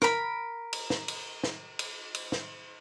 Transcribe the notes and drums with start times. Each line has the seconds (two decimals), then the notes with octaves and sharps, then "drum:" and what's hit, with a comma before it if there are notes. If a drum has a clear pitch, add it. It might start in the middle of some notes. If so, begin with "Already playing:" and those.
0.02 A#4 B5, drum: snare
0.73 drum: cymbal
0.90 drum: snare
1.08 drum: cymbal
1.44 drum: snare
1.79 drum: cymbal
2.14 drum: cymbal
2.32 drum: snare